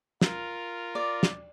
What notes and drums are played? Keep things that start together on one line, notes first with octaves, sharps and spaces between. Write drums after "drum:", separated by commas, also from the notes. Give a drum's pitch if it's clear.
F4 A#4, drum: snare
D5
drum: snare